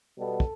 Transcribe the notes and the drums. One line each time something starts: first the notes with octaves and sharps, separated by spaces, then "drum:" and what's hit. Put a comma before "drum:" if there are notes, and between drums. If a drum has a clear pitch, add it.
B2 G3 B3 A4
drum: kick